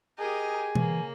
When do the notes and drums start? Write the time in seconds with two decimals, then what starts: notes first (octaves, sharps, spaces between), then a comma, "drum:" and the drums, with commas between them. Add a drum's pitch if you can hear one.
0.19 G4 G#4 A#4 D#5 G#5
0.75 C#3 E3 A#3, drum: tom B2